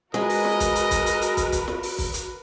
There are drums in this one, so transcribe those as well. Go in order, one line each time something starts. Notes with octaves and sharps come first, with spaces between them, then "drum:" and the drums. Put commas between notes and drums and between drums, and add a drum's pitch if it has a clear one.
G#3 F#4 A#4 B4 D#5, drum: snare
drum: open hi-hat
drum: snare
drum: kick, hi-hat
drum: hi-hat
drum: kick, hi-hat
drum: hi-hat
drum: hi-hat
drum: kick, hi-hat
drum: kick, hi-hat
drum: snare
drum: open hi-hat
drum: kick, open hi-hat
drum: hi-hat